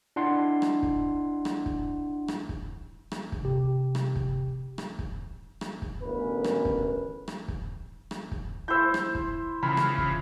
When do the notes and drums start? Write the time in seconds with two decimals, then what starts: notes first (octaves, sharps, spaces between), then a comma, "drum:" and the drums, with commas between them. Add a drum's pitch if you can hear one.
0.16 D4 E4 F#5 C6
0.62 drum: rim click
0.83 drum: kick
1.45 drum: rim click
1.66 drum: kick
2.28 drum: rim click
2.49 drum: kick
3.12 drum: rim click
3.32 drum: kick
3.43 C3 G4
3.95 drum: rim click
4.16 drum: kick
4.78 drum: rim click
4.99 drum: kick
5.61 drum: rim click
5.82 drum: kick
6.03 A1 D2 B3 C#4 A#4 B4
6.44 drum: rim click
6.65 drum: kick
7.28 drum: rim click
7.48 drum: kick
8.11 drum: rim click
8.32 drum: kick
8.68 E4 C5 E6 G6
8.94 drum: rim click
9.15 drum: kick
9.63 C#3 E3 F4 B5
9.77 drum: rim click
9.98 drum: kick